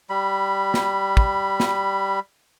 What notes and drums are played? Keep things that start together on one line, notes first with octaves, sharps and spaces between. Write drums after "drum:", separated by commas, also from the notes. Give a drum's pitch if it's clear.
G3 B5
drum: snare
drum: kick
drum: snare